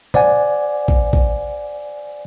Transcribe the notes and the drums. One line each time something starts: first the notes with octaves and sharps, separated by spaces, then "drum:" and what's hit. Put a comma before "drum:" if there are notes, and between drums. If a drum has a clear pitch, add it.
C5 D5 F#5 G#5, drum: tom A#2
drum: kick
drum: kick